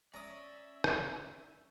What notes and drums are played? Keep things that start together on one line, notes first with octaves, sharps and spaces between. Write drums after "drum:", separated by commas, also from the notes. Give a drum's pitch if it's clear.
C#4 D5 E5 A#5 D#6
drum: rim click